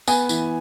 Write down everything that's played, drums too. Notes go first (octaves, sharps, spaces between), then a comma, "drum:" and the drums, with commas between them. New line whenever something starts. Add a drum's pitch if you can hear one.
B3 G#5, drum: tambourine
E3, drum: tambourine